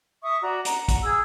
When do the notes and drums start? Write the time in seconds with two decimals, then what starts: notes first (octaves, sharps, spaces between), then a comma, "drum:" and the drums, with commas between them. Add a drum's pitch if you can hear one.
0.22 E5 C#6 D#6
0.42 F#4 D5 A#5
0.65 F#5 A#5, drum: hi-hat
0.88 drum: kick, hi-hat
1.02 G#4 E6